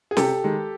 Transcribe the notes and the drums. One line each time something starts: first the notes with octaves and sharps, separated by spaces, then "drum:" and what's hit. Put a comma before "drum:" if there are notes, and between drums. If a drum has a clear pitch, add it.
G#4
C3 G4 A4, drum: snare
D#3 G#3